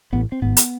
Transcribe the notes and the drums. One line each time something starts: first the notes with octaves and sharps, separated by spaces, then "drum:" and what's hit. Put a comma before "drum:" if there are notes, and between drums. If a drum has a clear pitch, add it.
A1 A2 B3
C4
G#1 G#2 B3
drum: hi-hat